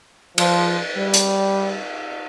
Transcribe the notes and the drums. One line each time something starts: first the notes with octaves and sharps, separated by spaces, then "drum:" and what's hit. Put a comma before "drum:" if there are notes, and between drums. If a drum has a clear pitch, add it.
F3, drum: cymbal
G3
drum: hi-hat